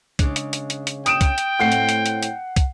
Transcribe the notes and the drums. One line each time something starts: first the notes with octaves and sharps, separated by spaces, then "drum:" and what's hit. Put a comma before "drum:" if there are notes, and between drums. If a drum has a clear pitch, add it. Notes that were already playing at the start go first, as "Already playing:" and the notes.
C#3 G#3 D4, drum: kick, hi-hat
drum: hi-hat
drum: hi-hat
drum: hi-hat
drum: hi-hat
G5 D#6 D7 E7, drum: hi-hat
drum: kick, hi-hat
drum: hi-hat
A2 A3 C4 F#5 C7
drum: hi-hat
drum: hi-hat
drum: hi-hat
drum: hi-hat
drum: kick, hi-hat